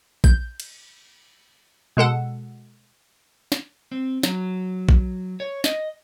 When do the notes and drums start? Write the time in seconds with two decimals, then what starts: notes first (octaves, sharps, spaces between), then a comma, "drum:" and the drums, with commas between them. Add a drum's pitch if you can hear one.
0.24 G6, drum: kick A#1
0.60 drum: cymbal
1.97 B2 G#3 A4 F#5
3.52 drum: snare
3.92 C4
4.23 F#3, drum: snare
4.89 drum: kick A#1
5.40 C#5
5.64 D#5, drum: snare